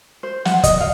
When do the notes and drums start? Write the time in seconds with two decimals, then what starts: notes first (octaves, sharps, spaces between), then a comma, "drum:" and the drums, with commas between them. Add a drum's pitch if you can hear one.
0.23 C5
0.45 F#5, drum: snare
0.63 D#5, drum: kick, hi-hat
0.80 F5